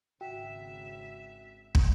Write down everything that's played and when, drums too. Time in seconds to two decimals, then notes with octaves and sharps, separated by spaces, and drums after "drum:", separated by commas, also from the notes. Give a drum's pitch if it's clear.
0.21 G#1 C#3 F#4 E5 G5
1.75 drum: kick